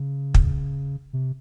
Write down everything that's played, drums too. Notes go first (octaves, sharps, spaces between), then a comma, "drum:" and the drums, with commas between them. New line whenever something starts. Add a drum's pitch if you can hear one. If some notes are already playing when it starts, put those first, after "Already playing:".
Already playing: C#3
drum: kick
C3